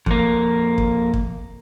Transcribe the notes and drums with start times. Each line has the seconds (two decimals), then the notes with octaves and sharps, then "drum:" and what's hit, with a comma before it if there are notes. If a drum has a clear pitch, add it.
0.06 F2 A#3, drum: kick
0.78 drum: kick
1.14 drum: kick